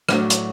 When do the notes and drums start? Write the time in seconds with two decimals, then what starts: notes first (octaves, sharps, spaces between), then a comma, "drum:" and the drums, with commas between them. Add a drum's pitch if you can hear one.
0.09 A2 F#3 D4, drum: rim click
0.30 drum: hi-hat